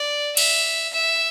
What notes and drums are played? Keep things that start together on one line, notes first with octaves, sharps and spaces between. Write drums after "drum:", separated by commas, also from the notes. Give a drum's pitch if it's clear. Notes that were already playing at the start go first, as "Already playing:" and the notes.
Already playing: D5
E5, drum: cymbal
E5